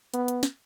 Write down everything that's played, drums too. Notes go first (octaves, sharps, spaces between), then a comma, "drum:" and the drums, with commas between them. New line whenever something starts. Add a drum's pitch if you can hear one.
B3, drum: hi-hat
drum: hi-hat
drum: snare